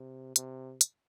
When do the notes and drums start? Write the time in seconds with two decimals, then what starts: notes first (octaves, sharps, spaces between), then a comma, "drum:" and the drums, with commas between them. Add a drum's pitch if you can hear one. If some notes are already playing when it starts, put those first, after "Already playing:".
Already playing: C3
0.36 C3, drum: hi-hat
0.81 drum: hi-hat